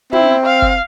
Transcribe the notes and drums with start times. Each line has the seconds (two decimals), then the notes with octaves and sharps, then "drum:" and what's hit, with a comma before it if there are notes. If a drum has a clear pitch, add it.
0.13 C4 E4, drum: tom
0.46 F5
0.62 drum: kick F#1